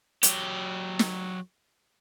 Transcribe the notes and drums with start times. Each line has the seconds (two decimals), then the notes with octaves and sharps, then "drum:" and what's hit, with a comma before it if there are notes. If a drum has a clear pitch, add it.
0.23 F#3 G4, drum: hi-hat
0.99 drum: snare